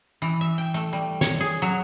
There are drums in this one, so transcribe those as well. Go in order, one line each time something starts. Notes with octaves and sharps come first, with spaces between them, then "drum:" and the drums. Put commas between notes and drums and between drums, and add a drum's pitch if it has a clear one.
E3, drum: tambourine
E5
G5
A3, drum: tambourine
G3
C#5, drum: snare
G#4
F#3